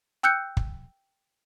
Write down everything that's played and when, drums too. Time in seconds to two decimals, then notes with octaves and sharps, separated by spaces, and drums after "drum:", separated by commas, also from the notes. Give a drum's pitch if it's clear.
0.23 G5 E6 F#6 G6 C#7
0.57 drum: kick